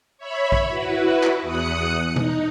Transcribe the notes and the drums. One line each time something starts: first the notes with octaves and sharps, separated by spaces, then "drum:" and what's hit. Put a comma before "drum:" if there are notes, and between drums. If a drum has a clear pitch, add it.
C#5 E5 B5
drum: kick A#1
E4 F#4 B4
drum: clap
E2 D#6 F#6 C#7
D#4, drum: tom B2